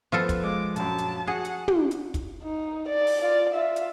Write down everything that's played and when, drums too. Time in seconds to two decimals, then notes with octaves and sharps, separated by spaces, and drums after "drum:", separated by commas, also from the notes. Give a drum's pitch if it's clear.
0.12 F3 B3 F4 A4 C5
0.29 drum: kick, hi-hat
0.43 G#3 D6
0.76 A#1 F#2 A5, drum: hi-hat
0.98 drum: hi-hat
1.28 F#4 G#4 F#5
1.45 drum: hi-hat
1.68 drum: tom
1.91 drum: hi-hat
2.14 drum: kick, hi-hat
2.43 D#4
2.88 D5
3.07 drum: open hi-hat
3.21 F4 D5
3.53 F4 E5
3.76 drum: hi-hat